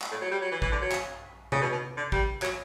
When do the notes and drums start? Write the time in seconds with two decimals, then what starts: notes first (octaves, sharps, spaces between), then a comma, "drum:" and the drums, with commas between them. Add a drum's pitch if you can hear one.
0.01 drum: clap
0.11 A2
0.22 F#3
0.31 G3
0.42 F#3
0.52 E3
0.62 E3, drum: kick
0.72 D3
0.82 F#3
0.92 drum: clap
1.52 C#3, drum: tom C3
1.62 B2
1.72 B2
1.97 D3
2.12 G3, drum: kick
2.42 F#3, drum: clap